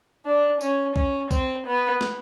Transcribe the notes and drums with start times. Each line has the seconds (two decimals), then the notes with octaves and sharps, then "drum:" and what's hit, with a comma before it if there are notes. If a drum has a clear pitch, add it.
0.25 D4
0.61 C#4, drum: tambourine
0.96 C#4, drum: kick B1
1.31 C4, drum: kick B1, tambourine
1.66 B3
2.01 drum: snare